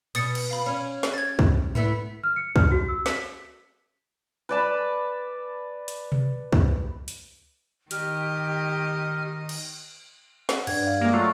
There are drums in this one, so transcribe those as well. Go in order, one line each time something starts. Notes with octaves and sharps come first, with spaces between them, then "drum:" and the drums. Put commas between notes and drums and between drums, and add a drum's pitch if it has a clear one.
B2 D#6 A6 C#7, drum: cymbal
drum: cymbal
F5 B5
C#4
drum: snare
G#6 A6
drum: kick
A3 B3 E4, drum: tom G#2
F6
C#7
F6, drum: kick
F#4
E6
B6, drum: snare
B4 D5 A5 B5
drum: hi-hat
drum: tom B2
drum: kick
drum: hi-hat
D#3 G4 D#5 F6, drum: hi-hat
drum: cymbal
F#5, drum: snare
G2 G#6, drum: cymbal
D5 F5
G#3 A#3
F#3 A3 F4 C#6